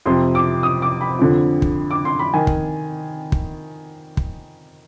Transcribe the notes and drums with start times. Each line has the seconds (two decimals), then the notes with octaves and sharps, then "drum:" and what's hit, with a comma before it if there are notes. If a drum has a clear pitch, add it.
0.06 F2 C3 F3 C6
0.35 D6
0.63 D#6
0.82 D6
1.01 B5
1.19 F2 D3 F3
1.62 drum: kick
1.91 D6
2.05 C6
2.19 B5
2.34 D#3 G#5
2.47 drum: kick
3.32 drum: kick
4.17 drum: kick